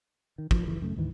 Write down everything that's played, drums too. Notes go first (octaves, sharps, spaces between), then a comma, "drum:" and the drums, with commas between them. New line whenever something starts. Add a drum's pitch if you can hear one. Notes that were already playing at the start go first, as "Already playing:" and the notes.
D#3
F3, drum: kick
F#1 E3
F#2 C#3 A3
D2 G#2 D#3 E3